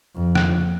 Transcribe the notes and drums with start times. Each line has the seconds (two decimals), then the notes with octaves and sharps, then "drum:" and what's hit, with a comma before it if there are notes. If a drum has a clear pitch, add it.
0.16 F2
0.35 drum: rim click